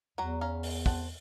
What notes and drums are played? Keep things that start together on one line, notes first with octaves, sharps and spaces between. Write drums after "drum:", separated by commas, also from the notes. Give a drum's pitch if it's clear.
E2 F#3 F#5 A#5
C#4 F5 A#5
drum: open hi-hat
C4 F#5 A5, drum: kick